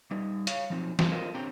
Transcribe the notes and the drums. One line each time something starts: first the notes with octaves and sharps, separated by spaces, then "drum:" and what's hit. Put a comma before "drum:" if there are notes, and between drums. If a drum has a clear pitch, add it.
G3 D#4
C#5 F5, drum: hi-hat
F3 F#3 C4 D#4
G3 C4 D4 E4, drum: snare F3
F4 A4 A#4 C5 D#5 F5
C4 D4 G4 C#5 G5 A#5